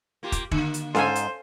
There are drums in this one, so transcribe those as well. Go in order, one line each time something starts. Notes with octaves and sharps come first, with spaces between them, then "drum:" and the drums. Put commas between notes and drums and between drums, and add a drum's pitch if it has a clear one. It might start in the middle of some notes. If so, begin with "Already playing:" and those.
A#3 F4 G4
drum: kick, hi-hat
D3 A#3, drum: kick
drum: hi-hat
G#2 A4 C5 F5 G#5, drum: snare C#4
drum: hi-hat